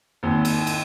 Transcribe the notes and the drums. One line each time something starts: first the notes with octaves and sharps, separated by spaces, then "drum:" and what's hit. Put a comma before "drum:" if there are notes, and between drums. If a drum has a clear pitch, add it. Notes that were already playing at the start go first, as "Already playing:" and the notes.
G#1 D#2
drum: cymbal
drum: cymbal